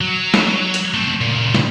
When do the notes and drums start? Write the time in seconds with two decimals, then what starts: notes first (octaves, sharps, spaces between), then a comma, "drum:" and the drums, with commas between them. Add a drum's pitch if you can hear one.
0.01 F#3
0.34 drum: snare
0.74 drum: hi-hat
0.94 A3 C4
1.21 A#2 C#3
1.54 drum: snare